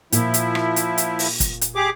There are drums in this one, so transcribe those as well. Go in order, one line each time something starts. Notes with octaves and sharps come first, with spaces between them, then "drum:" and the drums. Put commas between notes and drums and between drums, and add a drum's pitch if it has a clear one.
A#2 F3 E4, drum: hi-hat
drum: hi-hat
drum: rim click
drum: hi-hat
drum: hi-hat
drum: open hi-hat
drum: kick, hi-hat
drum: hi-hat
G4 G#4 D6